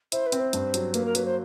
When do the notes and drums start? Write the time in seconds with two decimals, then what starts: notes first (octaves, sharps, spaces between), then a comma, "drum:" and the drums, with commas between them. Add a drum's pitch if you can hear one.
0.12 E4 C5, drum: hi-hat
0.26 B4
0.32 C4, drum: hi-hat
0.40 C5
0.53 G2, drum: hi-hat
0.74 F#3, drum: hi-hat
0.94 A#3 B4, drum: hi-hat
1.05 A#4
1.15 F#3 B4, drum: hi-hat
1.25 C5